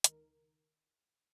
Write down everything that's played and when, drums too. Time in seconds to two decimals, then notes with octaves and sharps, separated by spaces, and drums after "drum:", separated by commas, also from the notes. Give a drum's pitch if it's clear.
0.04 C#2 D#3 A#4, drum: hi-hat